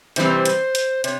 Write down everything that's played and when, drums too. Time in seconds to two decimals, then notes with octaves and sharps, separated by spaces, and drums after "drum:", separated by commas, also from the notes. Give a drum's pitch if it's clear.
0.16 C3 E3 G3 C4 C5, drum: hi-hat
0.45 drum: hi-hat
0.75 drum: hi-hat
1.04 C3 C#5, drum: hi-hat